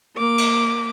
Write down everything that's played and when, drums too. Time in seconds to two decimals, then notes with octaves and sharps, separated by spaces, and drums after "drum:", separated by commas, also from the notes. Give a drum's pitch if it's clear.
0.17 A#3 D6
0.38 drum: cymbal